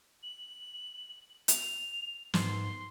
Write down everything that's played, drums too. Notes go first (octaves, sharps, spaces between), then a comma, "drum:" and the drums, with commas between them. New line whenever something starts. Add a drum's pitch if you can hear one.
F#7
F7, drum: hi-hat
G#2 C6, drum: snare